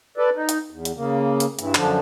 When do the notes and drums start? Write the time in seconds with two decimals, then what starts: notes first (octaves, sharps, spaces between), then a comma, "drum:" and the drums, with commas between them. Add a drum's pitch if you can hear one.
0.17 A4 B4 D5
0.36 D#4
0.49 drum: hi-hat
0.71 E2
0.85 drum: hi-hat
0.96 C#3 A#3
1.40 drum: hi-hat
1.59 G2 E3, drum: hi-hat
1.75 F#2 D3 F3 D4, drum: clap